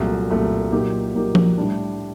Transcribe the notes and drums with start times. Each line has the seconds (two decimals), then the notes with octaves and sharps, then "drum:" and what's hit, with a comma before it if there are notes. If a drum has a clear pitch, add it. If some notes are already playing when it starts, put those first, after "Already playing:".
Already playing: C2 A#2 F#3 A3
0.30 C2 A#2 F#3 A3
0.72 A#2 F#3 A#3 D#4 G4
1.15 A#2 F#3 A#3 D#4 G4
1.35 drum: tom F3
1.58 A2 G3 D4